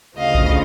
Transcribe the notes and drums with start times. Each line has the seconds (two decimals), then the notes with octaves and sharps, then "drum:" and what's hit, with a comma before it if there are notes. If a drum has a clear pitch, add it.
0.17 D2 C#3 F3 D#5 F5
0.35 drum: kick